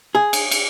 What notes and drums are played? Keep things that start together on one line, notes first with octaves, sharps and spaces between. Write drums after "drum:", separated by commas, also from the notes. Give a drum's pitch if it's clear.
G#4
drum: cymbal
drum: cymbal